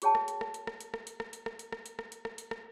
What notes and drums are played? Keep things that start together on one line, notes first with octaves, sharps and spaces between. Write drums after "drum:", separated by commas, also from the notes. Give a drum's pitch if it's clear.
F#4 G#4 C#5 G5 A5, drum: hi-hat
drum: rim click
drum: hi-hat
drum: rim click
drum: hi-hat
drum: rim click
drum: hi-hat
drum: rim click
drum: hi-hat
drum: rim click
drum: hi-hat
drum: rim click
drum: hi-hat
drum: rim click
drum: hi-hat
drum: rim click
drum: hi-hat
drum: rim click
drum: hi-hat
drum: rim click